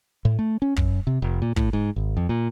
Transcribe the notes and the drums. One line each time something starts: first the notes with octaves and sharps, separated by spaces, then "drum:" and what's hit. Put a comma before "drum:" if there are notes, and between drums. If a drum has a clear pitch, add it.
A2
A3
C#4
F#2, drum: kick
C3
F1
A#2
A2, drum: kick
G#2
G#1
F2
A#2